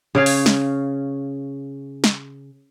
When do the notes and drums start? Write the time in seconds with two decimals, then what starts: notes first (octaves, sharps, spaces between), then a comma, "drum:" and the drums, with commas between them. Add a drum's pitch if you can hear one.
0.15 C#3 C#5 F5
0.26 drum: open hi-hat
0.46 drum: snare
2.04 drum: snare